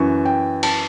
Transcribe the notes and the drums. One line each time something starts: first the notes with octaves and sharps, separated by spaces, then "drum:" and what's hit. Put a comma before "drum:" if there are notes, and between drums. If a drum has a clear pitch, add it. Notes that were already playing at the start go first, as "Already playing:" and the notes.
Already playing: F#2 E3 C#6
G5
A5, drum: cymbal